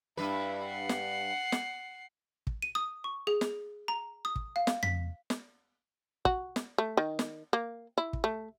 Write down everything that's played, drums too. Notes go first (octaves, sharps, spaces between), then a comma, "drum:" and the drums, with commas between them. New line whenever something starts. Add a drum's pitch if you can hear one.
G2 E4 B4
F#5 C7
drum: snare
drum: snare
drum: kick
D#7
D#6
C#6
G#4
drum: snare
A#5
D#6
drum: kick
F5
drum: snare
B6, drum: tom
drum: snare
F#4, drum: kick
drum: snare
A3
D#3
drum: snare
A#3
E4
drum: kick
A3